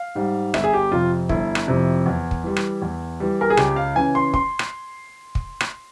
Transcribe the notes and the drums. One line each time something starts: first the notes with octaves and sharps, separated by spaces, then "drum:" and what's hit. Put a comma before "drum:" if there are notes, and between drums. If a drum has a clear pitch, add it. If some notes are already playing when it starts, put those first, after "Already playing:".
Already playing: F5
G#2 G3
G1 E5, drum: rim click
G#4
G4
F2 C3 F4
G1 E4, drum: kick
drum: rim click
F2 C3
E2
drum: kick
E3 G3
drum: rim click
E2
E3 G3
A#4
G#4
C#2 G4, drum: rim click
F5
C#3 E3 G#5
C6
C6, drum: kick
drum: rim click
drum: kick
drum: rim click